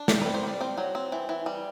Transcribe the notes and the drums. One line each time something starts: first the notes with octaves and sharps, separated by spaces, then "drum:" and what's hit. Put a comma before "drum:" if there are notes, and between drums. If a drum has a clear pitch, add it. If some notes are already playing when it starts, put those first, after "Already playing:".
Already playing: D4
G3 G4, drum: snare
C4 B4
C5
G3 D5
C4 C5
F#3
C4
E3
E3
G3